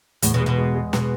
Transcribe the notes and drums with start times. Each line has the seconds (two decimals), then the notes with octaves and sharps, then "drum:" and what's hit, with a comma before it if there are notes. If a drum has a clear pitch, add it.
0.22 E2 A2, drum: hi-hat
0.34 B2
0.40 G#3
0.46 B2
0.58 G#3
0.75 G#3
0.93 B2 G#3, drum: snare